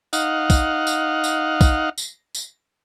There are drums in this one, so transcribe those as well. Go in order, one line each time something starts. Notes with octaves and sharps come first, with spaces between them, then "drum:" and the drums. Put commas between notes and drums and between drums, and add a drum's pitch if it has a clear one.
D#4 F5 F#5, drum: tambourine
drum: kick, tambourine
drum: tambourine
drum: tambourine
drum: kick, tambourine
drum: tambourine
drum: tambourine